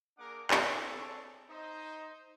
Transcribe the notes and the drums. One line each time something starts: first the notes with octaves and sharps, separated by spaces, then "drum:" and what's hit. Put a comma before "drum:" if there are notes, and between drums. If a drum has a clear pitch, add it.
A#3 D4 G#4 A#4 F#5 D6
C4 G#4 A4 C#5 D5 A5, drum: clap
D#4 C5 D#5